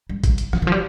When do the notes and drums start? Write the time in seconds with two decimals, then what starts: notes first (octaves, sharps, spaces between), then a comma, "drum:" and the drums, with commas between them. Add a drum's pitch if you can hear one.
0.09 G3
0.24 G3, drum: kick G#1, hi-hat
0.38 drum: hi-hat
0.53 F3, drum: rim click
0.62 D#3
0.67 F3
0.72 G3